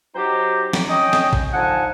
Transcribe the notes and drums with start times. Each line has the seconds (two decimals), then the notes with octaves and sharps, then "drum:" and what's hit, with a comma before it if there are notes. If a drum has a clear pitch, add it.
0.16 F#3 D#4 G4 C5 G5 A#5
0.73 drum: snare
0.89 C#4 D#5 G5
1.13 drum: snare
1.33 drum: kick
1.52 D3 F3 D#4 F#5 G#5 A5